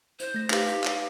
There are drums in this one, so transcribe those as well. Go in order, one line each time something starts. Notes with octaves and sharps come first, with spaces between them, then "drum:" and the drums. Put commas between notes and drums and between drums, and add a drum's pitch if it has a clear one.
C5, drum: hi-hat
A3 A#6
D#4 G4 B4 F5, drum: clap
drum: hi-hat
drum: clap